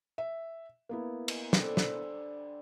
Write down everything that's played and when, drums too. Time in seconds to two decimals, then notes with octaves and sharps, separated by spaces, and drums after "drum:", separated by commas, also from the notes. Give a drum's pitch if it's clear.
0.18 E5
0.89 A#3 B3 E4
1.28 drum: cymbal
1.53 D3 G3 C5, drum: snare
1.77 drum: snare